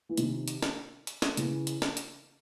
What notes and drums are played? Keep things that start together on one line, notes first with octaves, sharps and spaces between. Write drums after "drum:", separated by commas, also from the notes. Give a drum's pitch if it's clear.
E3
C3 D#3, drum: hi-hat
drum: hi-hat
drum: snare
drum: hi-hat
drum: snare
C#3 E3, drum: hi-hat
drum: hi-hat
drum: snare
drum: hi-hat